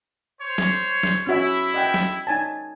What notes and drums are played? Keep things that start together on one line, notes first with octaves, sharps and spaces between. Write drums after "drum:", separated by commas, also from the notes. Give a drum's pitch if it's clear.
C5 C#5
drum: snare
drum: snare
C#4 E4 F#4 E5
D#5 F#5 G5
drum: snare
D#4 G#5 A5